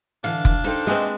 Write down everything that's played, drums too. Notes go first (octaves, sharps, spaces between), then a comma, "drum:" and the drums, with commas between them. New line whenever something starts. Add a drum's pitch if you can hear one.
D3 E3 D4 F5
drum: kick F1
D#4 A4 C5 F5 G5
G#3 A3 B3 C4 D#5